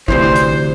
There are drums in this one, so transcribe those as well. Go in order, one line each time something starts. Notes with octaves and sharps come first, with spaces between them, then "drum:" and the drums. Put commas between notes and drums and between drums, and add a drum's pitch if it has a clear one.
D2 C3 E3 C5, drum: kick
drum: hi-hat